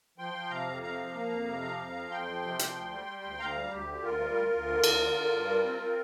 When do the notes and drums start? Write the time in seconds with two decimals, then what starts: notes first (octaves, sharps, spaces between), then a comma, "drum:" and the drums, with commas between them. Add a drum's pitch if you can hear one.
0.18 F3 G5 C6
0.34 F3
0.50 C3 F5 A#5
0.67 F2
0.82 C3 F5 A#5
0.99 F3
1.14 A#3
1.30 F2
1.47 C3
1.62 F3
1.79 F2
1.95 F3
2.10 F2 G5 C6
2.27 F3
2.43 C3
2.59 F3, drum: hi-hat
2.75 D2
2.92 G3
3.07 G3
3.23 D2
3.39 D2 F5 A#5
3.55 G3
3.71 D2 G4
3.88 D3
4.03 D2 F4 A#4
4.20 G3
4.35 D2
4.51 D2
4.68 D3
4.84 D2, drum: cymbal
5.00 D3
5.15 D3
5.32 G2
5.47 G3
5.64 C4
5.80 C4